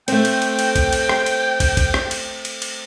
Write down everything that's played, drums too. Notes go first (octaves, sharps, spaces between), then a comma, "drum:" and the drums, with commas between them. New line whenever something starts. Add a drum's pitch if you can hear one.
A3 C4 G5, drum: cymbal
drum: cymbal
drum: cymbal
drum: cymbal
drum: kick, cymbal
drum: cymbal
drum: rim click
drum: cymbal
drum: kick, cymbal
drum: kick, cymbal
drum: rim click
drum: cymbal
drum: cymbal
drum: cymbal